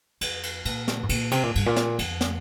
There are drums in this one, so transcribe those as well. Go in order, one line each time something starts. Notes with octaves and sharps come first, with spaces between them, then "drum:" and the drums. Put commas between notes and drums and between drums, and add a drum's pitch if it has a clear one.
F2, drum: cymbal
drum: cymbal
A#2, drum: cymbal
drum: snare
G2
A#2, drum: cymbal
C3, drum: cymbal
A#2
G2, drum: cymbal
A#2
drum: snare
F2, drum: cymbal
drum: snare